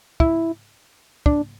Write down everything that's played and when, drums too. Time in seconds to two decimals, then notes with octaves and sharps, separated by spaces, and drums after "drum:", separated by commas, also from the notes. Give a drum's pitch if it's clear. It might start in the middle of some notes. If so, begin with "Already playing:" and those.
0.20 E4, drum: kick
1.26 D4, drum: kick